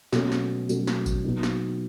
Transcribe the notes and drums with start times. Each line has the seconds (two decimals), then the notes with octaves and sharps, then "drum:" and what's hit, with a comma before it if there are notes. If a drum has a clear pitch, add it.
0.13 B2 F#3 A3 C#4, drum: snare
0.32 drum: snare
0.69 B2 F#3 A3 C#4, drum: tambourine
0.87 drum: snare
1.06 drum: kick G#1, tambourine
1.24 B2 F#3 B3 D#4
1.43 drum: snare